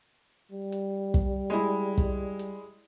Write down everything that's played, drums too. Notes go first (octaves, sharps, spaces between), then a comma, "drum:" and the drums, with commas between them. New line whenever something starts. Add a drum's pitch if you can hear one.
G3
drum: hi-hat
drum: kick, hi-hat
G#3 E4
drum: kick, hi-hat
drum: hi-hat